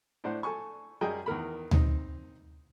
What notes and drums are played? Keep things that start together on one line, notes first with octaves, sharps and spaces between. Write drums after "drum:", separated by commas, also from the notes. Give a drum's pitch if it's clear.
A2 D4 C5 F#5
A4 G#5 C#6
F#2 G3 G#4 D#5 G5 G#5
E2 D#3 A#4 B5
C4 D#4, drum: tom D2